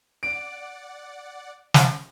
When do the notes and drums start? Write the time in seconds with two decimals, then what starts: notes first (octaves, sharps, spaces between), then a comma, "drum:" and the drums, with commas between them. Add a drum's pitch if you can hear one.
0.23 D5 F#5 D7
1.74 drum: snare